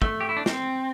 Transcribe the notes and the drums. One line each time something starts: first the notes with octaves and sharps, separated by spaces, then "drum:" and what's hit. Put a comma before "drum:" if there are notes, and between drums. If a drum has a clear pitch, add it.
A3, drum: kick
G4
E4
D4
C4, drum: snare